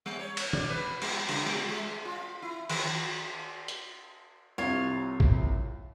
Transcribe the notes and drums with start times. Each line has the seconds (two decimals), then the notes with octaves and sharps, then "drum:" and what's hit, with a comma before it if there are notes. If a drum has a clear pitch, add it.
0.06 G3
0.19 C#5
0.37 drum: cymbal
0.53 D5, drum: tom
0.70 B4
1.02 G3, drum: cymbal
1.29 C#3, drum: cymbal
1.46 G3
1.69 G#3
2.05 F4
2.42 E4
2.69 D#3, drum: cymbal
3.68 drum: hi-hat
4.58 C2 C3 F4 C#5
5.20 drum: kick